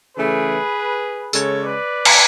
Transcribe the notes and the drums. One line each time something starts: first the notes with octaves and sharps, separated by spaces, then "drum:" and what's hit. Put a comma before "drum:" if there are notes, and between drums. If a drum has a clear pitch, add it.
C#3 E3 A3 G#4 B4
C#3 G#3 A4 C#5, drum: tambourine
B4 D5
drum: cymbal